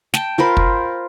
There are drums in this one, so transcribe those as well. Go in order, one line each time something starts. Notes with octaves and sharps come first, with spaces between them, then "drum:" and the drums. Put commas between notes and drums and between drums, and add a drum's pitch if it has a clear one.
G5 A5, drum: snare
F4 A#4 C5 B5
drum: kick